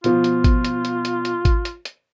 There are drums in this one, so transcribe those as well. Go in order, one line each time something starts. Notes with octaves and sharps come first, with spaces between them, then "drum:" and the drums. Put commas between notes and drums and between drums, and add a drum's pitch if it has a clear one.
B2 F3 F4, drum: hi-hat
drum: hi-hat
drum: kick G#1, hi-hat
drum: hi-hat
drum: hi-hat
drum: hi-hat
drum: hi-hat
drum: kick G#1, hi-hat
drum: hi-hat
drum: hi-hat